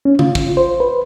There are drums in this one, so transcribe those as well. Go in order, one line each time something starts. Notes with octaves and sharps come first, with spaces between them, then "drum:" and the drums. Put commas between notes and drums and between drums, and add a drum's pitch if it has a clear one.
C#4
F4, drum: tom C#3
drum: kick
C5
B4